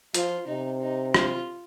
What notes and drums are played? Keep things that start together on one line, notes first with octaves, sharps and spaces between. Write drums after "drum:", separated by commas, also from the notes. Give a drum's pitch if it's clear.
F3 F4, drum: hi-hat
C3 D#4
D#4
F4, drum: rim click